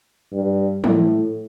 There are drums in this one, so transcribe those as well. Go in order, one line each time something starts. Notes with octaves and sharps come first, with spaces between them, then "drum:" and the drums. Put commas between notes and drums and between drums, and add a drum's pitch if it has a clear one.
G2
A2, drum: tom